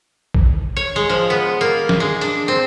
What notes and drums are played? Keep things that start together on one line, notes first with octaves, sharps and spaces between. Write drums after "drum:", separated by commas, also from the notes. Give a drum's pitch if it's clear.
drum: kick
C#5
G#3
F3
B3
A#3
drum: snare
G#3
D4, drum: hi-hat
C4